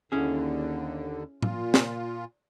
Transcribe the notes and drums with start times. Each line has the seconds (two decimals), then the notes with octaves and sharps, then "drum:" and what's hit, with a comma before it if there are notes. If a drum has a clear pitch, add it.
0.12 D#2 D3 C#4 E4 G#4
1.42 A#2 F4, drum: tom A2
1.74 drum: snare